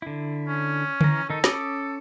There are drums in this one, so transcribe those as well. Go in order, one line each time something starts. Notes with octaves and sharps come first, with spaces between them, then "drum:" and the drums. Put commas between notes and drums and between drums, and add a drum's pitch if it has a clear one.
D3 E4
C#4
E3 A#5, drum: tom
D#3 D#4 A4
C#4 D6 D#6, drum: snare